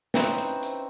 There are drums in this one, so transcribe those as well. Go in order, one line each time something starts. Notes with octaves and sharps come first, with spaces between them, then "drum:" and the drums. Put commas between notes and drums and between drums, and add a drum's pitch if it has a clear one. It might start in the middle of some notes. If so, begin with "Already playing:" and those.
C4 C#4 D#4 E4 B4 C5, drum: snare
drum: hi-hat
drum: hi-hat